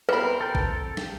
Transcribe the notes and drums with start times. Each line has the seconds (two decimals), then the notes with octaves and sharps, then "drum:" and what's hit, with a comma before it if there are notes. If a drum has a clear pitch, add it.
0.09 E3 B3 C4 A#4 B4 B5
0.41 A4 G5
0.55 drum: kick A1
0.97 drum: snare